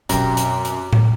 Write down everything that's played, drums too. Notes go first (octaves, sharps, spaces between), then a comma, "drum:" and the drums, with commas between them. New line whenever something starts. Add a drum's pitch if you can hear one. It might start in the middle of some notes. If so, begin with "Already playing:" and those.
F#2 B2 C4 G4 A#5, drum: hi-hat
drum: hi-hat
drum: hi-hat
drum: tom A2